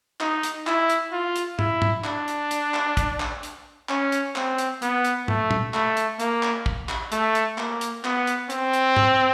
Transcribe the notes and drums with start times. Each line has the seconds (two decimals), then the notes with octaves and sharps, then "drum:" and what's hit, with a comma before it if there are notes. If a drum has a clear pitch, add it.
0.20 D#4, drum: clap
0.43 drum: hi-hat
0.67 E4, drum: clap
0.89 drum: hi-hat
1.12 F4
1.36 drum: hi-hat
1.59 E4, drum: tom
1.82 drum: tom
2.04 D4, drum: clap
2.28 drum: hi-hat
2.51 drum: hi-hat
2.74 drum: clap
2.97 drum: kick, hi-hat
3.20 drum: clap
3.43 drum: hi-hat
3.89 C#4, drum: clap
4.12 drum: hi-hat
4.36 C4, drum: clap
4.58 drum: hi-hat
4.82 B3, drum: hi-hat
5.05 drum: hi-hat
5.28 A3, drum: tom
5.51 drum: tom
5.74 A3, drum: clap
5.97 drum: hi-hat
6.20 A#3, drum: hi-hat
6.43 drum: clap
6.66 drum: kick
6.89 drum: clap
7.12 A3, drum: hi-hat
7.35 drum: hi-hat
7.58 A#3, drum: clap
7.81 drum: hi-hat
8.05 B3, drum: clap
8.27 drum: hi-hat
8.50 C4, drum: hi-hat
8.73 drum: hi-hat
8.96 drum: tom